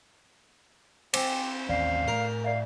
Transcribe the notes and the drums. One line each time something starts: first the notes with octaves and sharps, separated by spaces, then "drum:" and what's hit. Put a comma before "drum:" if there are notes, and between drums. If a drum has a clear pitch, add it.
C4 G5 G#5 D6, drum: cymbal
A1 D#2 C#4 D5 F5
A2 A3 A#4
D5 E5 F5